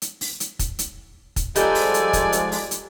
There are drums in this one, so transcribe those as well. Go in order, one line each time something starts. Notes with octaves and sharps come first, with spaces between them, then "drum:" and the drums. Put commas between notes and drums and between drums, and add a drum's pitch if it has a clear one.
drum: hi-hat
drum: open hi-hat
drum: hi-hat
drum: kick, hi-hat
drum: hi-hat
drum: kick, hi-hat
F3 G3 G#3 B3 D#4 A4 D5 G#5, drum: hi-hat
drum: open hi-hat
drum: hi-hat
drum: kick, hi-hat
drum: hi-hat
drum: open hi-hat
drum: hi-hat